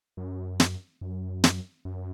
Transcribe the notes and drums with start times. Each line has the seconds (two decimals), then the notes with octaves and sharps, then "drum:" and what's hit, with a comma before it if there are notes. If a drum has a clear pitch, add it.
0.17 F#2
0.60 drum: snare
1.01 F#2
1.44 drum: snare
1.85 F#2